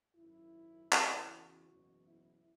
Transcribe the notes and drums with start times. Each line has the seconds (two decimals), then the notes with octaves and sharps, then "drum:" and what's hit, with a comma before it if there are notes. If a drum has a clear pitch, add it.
0.15 G#1 F#2 C#3 F#3 E4
0.92 E2 C#3 E3, drum: clap
1.30 F#4
1.68 F#1 E2 B2 F#3
2.07 E4